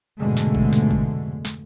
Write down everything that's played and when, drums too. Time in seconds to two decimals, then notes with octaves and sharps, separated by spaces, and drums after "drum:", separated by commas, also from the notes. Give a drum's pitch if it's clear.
0.19 F1 G#2 B2 D3 G#3 A3
0.37 drum: snare
0.55 drum: kick G#1
0.73 drum: snare
0.91 drum: kick G#1
1.45 drum: snare